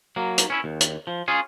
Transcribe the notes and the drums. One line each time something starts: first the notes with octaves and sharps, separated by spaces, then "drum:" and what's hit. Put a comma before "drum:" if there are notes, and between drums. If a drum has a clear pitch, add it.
F#3 A#3
drum: hi-hat
C#4 E4
D#2
drum: hi-hat
F3
C#4 F4 G#4